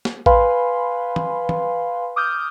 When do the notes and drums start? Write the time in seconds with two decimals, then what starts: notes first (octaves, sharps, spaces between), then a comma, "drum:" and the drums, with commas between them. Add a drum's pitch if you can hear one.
0.05 drum: snare
0.26 B4 F5 G#5 B5 C6, drum: kick A1
1.16 drum: tom
1.49 drum: tom
2.16 D6 D#6 F6 G6